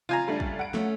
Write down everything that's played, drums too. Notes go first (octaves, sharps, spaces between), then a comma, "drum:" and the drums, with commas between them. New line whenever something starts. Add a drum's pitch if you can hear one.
C#3 F4 G#5 A#5
G3 A3 D4
drum: kick
F#5 D7
A3 C#4, drum: snare